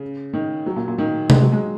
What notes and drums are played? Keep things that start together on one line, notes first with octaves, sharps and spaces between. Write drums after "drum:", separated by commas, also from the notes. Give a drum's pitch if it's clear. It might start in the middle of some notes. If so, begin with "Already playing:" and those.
Already playing: C#3
D#3
F#3
A#2
A#2
D#3
G#3, drum: tom C3
F#3
G#3